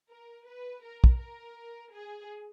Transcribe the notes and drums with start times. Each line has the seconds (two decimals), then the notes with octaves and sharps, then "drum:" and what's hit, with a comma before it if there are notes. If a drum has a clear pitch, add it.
0.10 A#4
0.47 B4
0.84 A#4
1.04 drum: kick
1.20 A#4
1.93 G#4